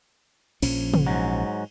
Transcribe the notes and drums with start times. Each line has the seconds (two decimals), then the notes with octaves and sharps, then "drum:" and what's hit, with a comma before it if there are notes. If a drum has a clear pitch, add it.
0.62 A#1 F3 C#4, drum: cymbal
0.94 drum: tom
1.07 G#2 F#3